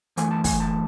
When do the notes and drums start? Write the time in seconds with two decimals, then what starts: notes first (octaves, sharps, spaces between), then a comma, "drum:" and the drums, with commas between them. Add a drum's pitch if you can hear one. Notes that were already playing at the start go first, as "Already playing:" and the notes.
0.17 F#2 E3 A3 G#5, drum: hi-hat
0.31 A5
0.44 G#5, drum: kick, open hi-hat
0.60 A5